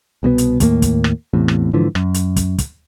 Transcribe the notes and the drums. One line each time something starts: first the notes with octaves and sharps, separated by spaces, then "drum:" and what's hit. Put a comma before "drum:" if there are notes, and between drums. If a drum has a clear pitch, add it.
C2 B2 F#3 B3
drum: hi-hat
D#2 A2 G3 A#3, drum: kick, hi-hat
drum: kick, hi-hat
drum: rim click
A1 E2 A2 C3
drum: rim click
G#2 D3 E3 F3
F#2, drum: rim click
drum: hi-hat
drum: kick, hi-hat
drum: kick, hi-hat